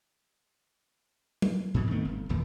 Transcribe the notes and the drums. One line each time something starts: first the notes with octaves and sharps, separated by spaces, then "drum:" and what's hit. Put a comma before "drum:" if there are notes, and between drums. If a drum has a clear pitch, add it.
drum: tom F#3
G#2 B2 E3
D#3 A3 B3 C4
G1
F1 E2 A#2 D#3